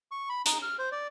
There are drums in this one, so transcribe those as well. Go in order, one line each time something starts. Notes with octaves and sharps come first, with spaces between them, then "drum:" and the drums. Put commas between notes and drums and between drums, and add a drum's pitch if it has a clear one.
C#6
B5
D#4, drum: hi-hat
F6
C5
D5